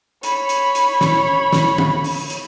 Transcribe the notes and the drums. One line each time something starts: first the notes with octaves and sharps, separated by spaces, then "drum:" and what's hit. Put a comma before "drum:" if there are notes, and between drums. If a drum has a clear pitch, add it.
C#5 B5, drum: hi-hat
drum: hi-hat
drum: hi-hat
drum: snare
drum: snare
drum: tom D3
drum: open hi-hat
drum: hi-hat